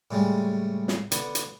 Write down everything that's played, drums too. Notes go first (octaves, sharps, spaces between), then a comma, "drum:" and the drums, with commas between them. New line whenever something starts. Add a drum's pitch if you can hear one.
A2 C#3 G3 G#3
drum: snare
D3 B3, drum: hi-hat
drum: hi-hat